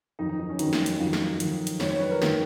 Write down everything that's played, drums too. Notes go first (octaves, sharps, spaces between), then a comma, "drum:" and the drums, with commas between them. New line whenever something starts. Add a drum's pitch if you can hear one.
F2 D#3 F#3 D#4
D#4
D#4
C#4
F2 D#3 F#3 D#4, drum: hi-hat
drum: snare
drum: hi-hat
F2 D#3 F#3 F4
drum: snare
F2 D#3 F#3, drum: hi-hat
drum: hi-hat
F2 D#3 F#3 C#5, drum: snare
C#5
B4
A#4
D#3 F#3, drum: snare